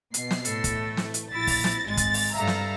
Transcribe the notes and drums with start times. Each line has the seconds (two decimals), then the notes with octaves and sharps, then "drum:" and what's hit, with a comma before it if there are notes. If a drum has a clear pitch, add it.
0.14 B2 C7, drum: hi-hat
0.31 drum: snare
0.45 A2 A4, drum: hi-hat
0.64 drum: kick, hi-hat
0.73 E3 A3
0.97 drum: snare
1.14 drum: hi-hat
1.32 A#1 E4 A6 A#6
1.47 drum: kick, open hi-hat
1.64 drum: snare
1.87 G#1 G#3 A6
1.97 drum: kick, hi-hat
2.14 drum: open hi-hat
2.37 G2 A4 E5 F5 A#5
2.47 drum: snare